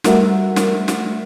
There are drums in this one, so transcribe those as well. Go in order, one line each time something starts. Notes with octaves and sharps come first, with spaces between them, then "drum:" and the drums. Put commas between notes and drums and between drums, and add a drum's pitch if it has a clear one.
G3 A3 F#4 A#4 E5 F#5, drum: snare
drum: snare
drum: snare